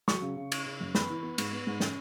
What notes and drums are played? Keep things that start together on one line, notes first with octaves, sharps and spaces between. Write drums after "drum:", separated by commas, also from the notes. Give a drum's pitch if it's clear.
F#3 C#6, drum: snare
C#3
C#3
C#4, drum: cymbal
C#3
F#2
B3 B5, drum: snare
E3
B3
G#2, drum: cymbal
B3
G#2
C#4, drum: snare